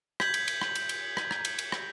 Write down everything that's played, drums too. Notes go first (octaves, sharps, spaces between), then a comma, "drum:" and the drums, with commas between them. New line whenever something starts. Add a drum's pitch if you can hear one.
G6 G#6 B6 F#7, drum: rim click
drum: cymbal
drum: cymbal
drum: rim click
drum: cymbal
drum: cymbal
drum: rim click
drum: rim click
drum: cymbal
drum: cymbal
drum: rim click